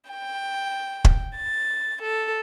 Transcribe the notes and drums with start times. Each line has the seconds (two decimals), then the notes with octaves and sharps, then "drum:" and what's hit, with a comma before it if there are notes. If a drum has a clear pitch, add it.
0.11 G5
1.05 drum: kick
1.37 A6
2.02 A4